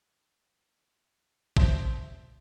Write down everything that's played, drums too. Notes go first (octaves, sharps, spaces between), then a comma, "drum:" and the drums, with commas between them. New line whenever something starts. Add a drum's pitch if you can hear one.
C5 E5 A5, drum: kick